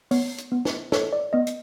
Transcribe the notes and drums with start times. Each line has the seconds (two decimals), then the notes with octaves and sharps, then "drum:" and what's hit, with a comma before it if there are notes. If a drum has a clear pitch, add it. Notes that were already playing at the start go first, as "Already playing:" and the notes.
0.11 B3 C#5, drum: open hi-hat
0.38 drum: hi-hat
0.52 B3
0.65 drum: snare
0.92 A4 C#5, drum: snare
1.13 D5
1.33 B3 D#5
1.47 drum: hi-hat